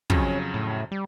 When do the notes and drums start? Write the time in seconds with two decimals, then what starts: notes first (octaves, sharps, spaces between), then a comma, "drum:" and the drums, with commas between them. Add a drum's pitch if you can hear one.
0.10 F2 C#3 F#3 C#4, drum: kick
0.54 A2
0.92 G3